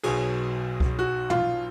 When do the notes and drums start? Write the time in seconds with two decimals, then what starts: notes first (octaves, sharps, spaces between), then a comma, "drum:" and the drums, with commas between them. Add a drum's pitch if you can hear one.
0.03 B1 B2 F#3 G#4, drum: cymbal
0.80 drum: kick C2
0.99 F#4
1.30 F4, drum: tom